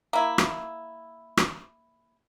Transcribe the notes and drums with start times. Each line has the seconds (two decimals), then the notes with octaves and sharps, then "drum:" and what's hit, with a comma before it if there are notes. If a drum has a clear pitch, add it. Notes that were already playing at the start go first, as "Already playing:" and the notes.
0.13 A#3 E4
0.38 drum: rim click
1.37 drum: rim click